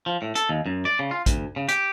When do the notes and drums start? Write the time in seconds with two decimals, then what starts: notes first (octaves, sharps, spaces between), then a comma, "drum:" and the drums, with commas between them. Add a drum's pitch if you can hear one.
0.06 F3
0.22 A2
0.35 A4, drum: hi-hat
0.49 D#2
0.66 F#2
0.85 D5
0.99 C#3
1.11 F4
1.26 D2, drum: kick, hi-hat
1.56 C#3
1.69 G4, drum: hi-hat